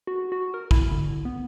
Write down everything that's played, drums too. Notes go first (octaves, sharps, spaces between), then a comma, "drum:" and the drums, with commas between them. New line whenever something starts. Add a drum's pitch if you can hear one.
F#4
F#4
A#4
E4, drum: kick
D3
B3